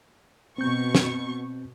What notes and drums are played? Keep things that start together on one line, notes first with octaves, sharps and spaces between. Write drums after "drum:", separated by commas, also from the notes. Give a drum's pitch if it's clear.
B2 C4 C#6 G6
drum: snare